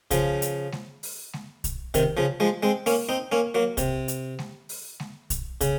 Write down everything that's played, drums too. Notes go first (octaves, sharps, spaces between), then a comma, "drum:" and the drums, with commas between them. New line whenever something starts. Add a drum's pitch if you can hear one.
C#3 F3, drum: kick, hi-hat
drum: hi-hat
drum: snare G#3
drum: open hi-hat
drum: snare G#3
drum: kick, hi-hat
C3 D#3, drum: kick, hi-hat
C#3 F3
F3 G#3
G#3 C4
A#3 C#4, drum: open hi-hat
C4 D#4
A#3 C#4
F#3 A#3
C3, drum: kick, hi-hat
drum: hi-hat
drum: snare G#3
drum: open hi-hat
drum: snare G#3
drum: kick, hi-hat
C#3, drum: kick, hi-hat